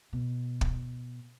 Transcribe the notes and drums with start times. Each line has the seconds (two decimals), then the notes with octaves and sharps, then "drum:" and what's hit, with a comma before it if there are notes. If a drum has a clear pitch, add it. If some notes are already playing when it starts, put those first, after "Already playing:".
0.13 B2
0.61 drum: kick